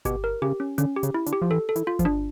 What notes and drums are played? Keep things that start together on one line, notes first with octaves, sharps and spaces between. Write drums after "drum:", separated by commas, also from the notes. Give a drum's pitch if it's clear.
B2 G4, drum: kick G1, hi-hat
A#4
C#3 G4
C#4
D3 C#4, drum: hi-hat
G4
C#3, drum: hi-hat
E4
D3, drum: hi-hat
G4
F3
E3 A4
A4
E3, drum: hi-hat
F4
F3, drum: kick G1, hi-hat
D4